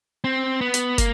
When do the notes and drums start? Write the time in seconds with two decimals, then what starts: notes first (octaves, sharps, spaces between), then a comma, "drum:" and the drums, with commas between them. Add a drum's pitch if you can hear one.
0.24 C4
0.61 B3
0.74 drum: hi-hat
0.98 A#3, drum: kick, hi-hat